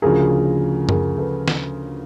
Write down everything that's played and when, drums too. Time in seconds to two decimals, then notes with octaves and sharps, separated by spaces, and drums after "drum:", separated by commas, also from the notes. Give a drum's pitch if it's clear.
0.02 D2 C#3 F3 G#4 A#4
0.89 G#4 A#4, drum: tom F#2
1.18 A4 B4
1.48 drum: snare